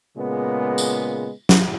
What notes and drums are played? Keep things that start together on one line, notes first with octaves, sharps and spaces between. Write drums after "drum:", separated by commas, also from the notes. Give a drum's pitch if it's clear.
A#2 C#3 G#3 B3
drum: tambourine
drum: snare